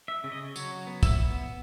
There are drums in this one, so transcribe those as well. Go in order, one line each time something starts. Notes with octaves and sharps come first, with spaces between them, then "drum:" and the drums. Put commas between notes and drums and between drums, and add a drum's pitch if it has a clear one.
E5
C#3
D#5
F#3 C#5, drum: tambourine
B3
E5, drum: kick, tambourine
B3